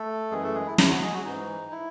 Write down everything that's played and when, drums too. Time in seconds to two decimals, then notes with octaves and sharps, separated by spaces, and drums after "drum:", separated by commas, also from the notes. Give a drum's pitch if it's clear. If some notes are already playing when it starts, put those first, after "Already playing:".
Already playing: A3 A4
0.31 F#2 E3 G#3 G#4
0.44 A3 A4
0.55 G#3 G#4
0.67 E4
0.78 E4, drum: snare
0.90 F#3 F#4
1.01 G#3 G#4
1.13 F#3 F#4
1.25 G#2 E3 D#4
1.72 E4